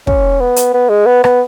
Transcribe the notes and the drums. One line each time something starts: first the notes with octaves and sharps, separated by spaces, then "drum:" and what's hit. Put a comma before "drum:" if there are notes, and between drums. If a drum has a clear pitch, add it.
C#4, drum: kick
B3
drum: hi-hat
B3
G#3
B3
B3, drum: rim click